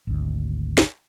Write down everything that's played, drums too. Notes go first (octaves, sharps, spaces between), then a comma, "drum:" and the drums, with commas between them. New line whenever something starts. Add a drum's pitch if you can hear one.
G#1 D2
drum: snare